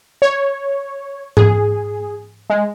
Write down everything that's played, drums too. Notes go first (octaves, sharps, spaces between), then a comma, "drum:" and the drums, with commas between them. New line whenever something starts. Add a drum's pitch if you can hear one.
C#5
G#4, drum: tom G#2
G#3